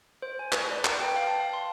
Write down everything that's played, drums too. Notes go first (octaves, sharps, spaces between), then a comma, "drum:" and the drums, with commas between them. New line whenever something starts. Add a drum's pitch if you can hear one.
C5
G#5
B4, drum: clap
D5
B4, drum: clap
G5
F5
A5
F5
C6